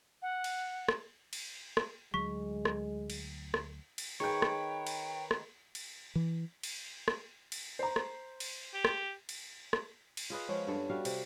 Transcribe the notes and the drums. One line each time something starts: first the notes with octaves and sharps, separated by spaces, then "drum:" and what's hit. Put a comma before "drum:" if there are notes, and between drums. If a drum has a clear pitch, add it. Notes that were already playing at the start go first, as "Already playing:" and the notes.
F#5
drum: cymbal
drum: rim click
drum: cymbal
drum: rim click
D2 F#3 G#3 C#6 B6
drum: rim click
drum: cymbal
drum: rim click
drum: cymbal
D#3 G#4 B4 C#5 G5 G6
drum: rim click
drum: cymbal
drum: rim click
drum: cymbal
E3
drum: cymbal
drum: rim click
drum: cymbal
C5 A#5
drum: rim click
drum: cymbal
G4
drum: rim click
drum: cymbal
drum: rim click
drum: cymbal
F4 G#4 B4 D#5
F3 G#3 B3 C#4
G2 A4
G3 F#4 F5
C3, drum: cymbal